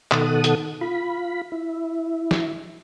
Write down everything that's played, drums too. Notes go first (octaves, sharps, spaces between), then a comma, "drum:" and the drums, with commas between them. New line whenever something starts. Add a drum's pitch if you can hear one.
B2 D#3 A4 F#5 D#6, drum: clap
drum: hi-hat
F4 B5
E4
drum: snare